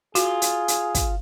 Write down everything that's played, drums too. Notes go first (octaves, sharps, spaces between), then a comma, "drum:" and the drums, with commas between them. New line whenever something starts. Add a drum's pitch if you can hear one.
F4 F#4 G#4, drum: hi-hat
drum: hi-hat
drum: hi-hat
drum: kick, hi-hat